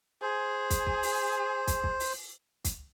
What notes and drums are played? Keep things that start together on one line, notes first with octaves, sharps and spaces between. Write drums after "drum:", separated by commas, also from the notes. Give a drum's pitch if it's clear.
G#4 C5
drum: kick, hi-hat
drum: kick
drum: open hi-hat
drum: kick, hi-hat
drum: kick
drum: open hi-hat
drum: kick, hi-hat